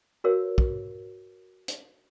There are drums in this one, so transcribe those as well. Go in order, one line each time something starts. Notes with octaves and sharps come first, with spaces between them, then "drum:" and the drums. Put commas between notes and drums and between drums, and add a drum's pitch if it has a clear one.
F#4 A#4 B4 C#5 F5 E6
drum: kick
drum: hi-hat